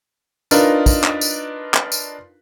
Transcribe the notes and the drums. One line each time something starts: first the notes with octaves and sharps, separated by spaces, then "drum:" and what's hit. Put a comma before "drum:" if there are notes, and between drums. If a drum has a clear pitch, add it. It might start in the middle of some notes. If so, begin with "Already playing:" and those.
D4 D#4 F4 A#4 B4, drum: tambourine
drum: kick, tambourine
drum: clap
drum: tambourine
drum: clap
drum: tambourine